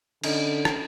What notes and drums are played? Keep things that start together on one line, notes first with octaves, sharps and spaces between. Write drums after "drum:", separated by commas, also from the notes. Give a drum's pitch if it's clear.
D3 C#4 D#4, drum: cymbal
drum: rim click